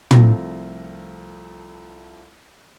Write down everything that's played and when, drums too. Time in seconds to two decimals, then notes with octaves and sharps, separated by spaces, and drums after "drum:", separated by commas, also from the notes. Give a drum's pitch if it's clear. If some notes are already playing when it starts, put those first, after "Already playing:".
0.11 C2 F3 A3 C4 F4 A#6, drum: tom